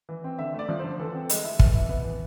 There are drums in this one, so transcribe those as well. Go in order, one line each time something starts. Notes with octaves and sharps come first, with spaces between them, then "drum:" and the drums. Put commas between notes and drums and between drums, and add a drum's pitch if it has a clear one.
E3
C4
D3 E5
A3 D5
F3
D3 C5
E3 A4
C4
G#3, drum: hi-hat
E4
E3, drum: kick
E4
B3
E3